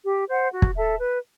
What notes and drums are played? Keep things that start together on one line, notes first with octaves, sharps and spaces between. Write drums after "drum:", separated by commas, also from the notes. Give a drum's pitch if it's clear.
G4
C5 F#5
F#4
drum: kick
A4 E5 A5
B4